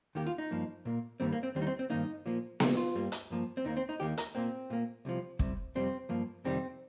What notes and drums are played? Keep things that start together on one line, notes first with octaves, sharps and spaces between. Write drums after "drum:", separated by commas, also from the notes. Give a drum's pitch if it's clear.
D#2 D#3 A#3 G4
F4
D#4
G2 F3 A#3
A#2 A#3
G2 D#3 G3 A#3 C4
A#3
C4
D#2 D#3 G3 C4
D#4
C4
C4
G2 D#3 A#3 D#4
A#2 F3 A#3
C2 A#2 F3 A#3 F4, drum: snare B3
F4
G2 G3 A#3
drum: hi-hat
G2 F3 A#3
C4
D#2 D#3 A#3 D#4
C4
D#4
D#2 D#3 A#3 G4
A#4, drum: hi-hat
A#2 A#3 C4
A#2 A#3
C2 C3 F3
C2 C3 G3, drum: kick
F2 C3 G3 C4
G2 F3 A#3
F2 C3 D#3 G3 C4